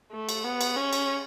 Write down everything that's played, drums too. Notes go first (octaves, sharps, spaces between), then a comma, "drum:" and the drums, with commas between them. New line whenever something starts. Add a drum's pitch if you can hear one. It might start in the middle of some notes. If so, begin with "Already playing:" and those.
A3
drum: cymbal
B3
drum: cymbal
C#4
drum: cymbal